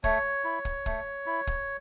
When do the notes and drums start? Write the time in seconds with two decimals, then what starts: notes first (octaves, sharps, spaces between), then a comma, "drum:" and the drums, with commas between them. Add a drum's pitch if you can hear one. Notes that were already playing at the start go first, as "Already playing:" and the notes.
0.04 A3 C#5, drum: kick
0.44 E4
0.65 drum: kick
0.86 A3, drum: kick
1.26 E4
1.47 drum: kick